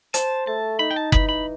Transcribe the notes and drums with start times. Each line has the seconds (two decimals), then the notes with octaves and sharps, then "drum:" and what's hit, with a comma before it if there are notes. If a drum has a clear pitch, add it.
0.14 C5 A5, drum: hi-hat
0.47 A3 A5
0.79 D#4 B5
0.91 G5
0.96 A5
1.12 E3 B5, drum: kick F#1
1.29 B5